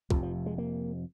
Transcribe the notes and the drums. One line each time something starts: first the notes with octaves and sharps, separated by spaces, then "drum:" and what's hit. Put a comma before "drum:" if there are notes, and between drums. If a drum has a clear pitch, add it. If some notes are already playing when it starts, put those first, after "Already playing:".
F1 F2 C3 F3, drum: kick
F3
G#3
A#3